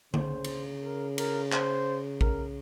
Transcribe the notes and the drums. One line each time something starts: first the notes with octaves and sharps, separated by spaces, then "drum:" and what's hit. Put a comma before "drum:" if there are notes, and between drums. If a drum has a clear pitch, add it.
C#3 C5, drum: tom D3
drum: cymbal
A#4
A#4, drum: cymbal
C5, drum: clap
A#4, drum: kick A1